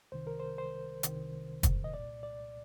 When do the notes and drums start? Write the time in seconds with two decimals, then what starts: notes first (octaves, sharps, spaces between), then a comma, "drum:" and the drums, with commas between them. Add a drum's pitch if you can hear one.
0.12 C2 C3 D#3 C5
0.27 A#4
0.39 C5
0.58 C5
1.03 C2 C3 D#3, drum: hi-hat
1.63 drum: kick, hi-hat
1.84 D#5
1.93 C2 A#2 D5
2.23 D5